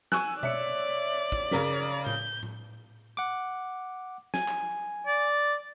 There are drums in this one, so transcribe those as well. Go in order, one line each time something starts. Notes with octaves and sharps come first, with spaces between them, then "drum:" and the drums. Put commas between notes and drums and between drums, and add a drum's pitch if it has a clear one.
G#5 C#6 E6 F#6, drum: snare
C#5 D5 E5 C#7, drum: tom B2
drum: kick
C#3 A#4 B6, drum: snare
G6, drum: tom A2
drum: tom A2
F#5 D6
G#5, drum: snare
drum: clap
D5